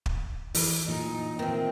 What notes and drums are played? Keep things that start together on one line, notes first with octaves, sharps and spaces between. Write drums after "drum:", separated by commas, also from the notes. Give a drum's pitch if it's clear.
drum: kick
E3, drum: open hi-hat
A#2 D#4
A#2 D#3 E3 C4